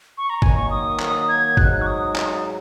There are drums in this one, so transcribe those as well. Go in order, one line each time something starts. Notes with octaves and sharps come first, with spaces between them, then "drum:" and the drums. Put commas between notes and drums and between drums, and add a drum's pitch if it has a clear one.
C#6
A#5
D#3 F#3 A#3 D#4 G#5, drum: kick
C#6
D#6
drum: clap
G#6
G#2 F#3 D#4 F#6, drum: kick
F#6
C#6
D#6
drum: clap